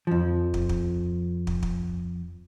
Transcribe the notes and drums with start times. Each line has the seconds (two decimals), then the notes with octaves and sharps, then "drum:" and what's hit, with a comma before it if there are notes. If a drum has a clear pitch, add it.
0.07 F2 F3
0.54 drum: kick
0.69 drum: kick
1.47 drum: kick
1.63 drum: kick